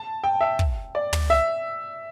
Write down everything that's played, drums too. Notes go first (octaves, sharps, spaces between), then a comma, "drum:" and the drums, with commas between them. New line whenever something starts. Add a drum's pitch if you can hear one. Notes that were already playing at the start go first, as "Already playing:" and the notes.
Already playing: A5
G5
E5
drum: kick
D5
drum: tom
E5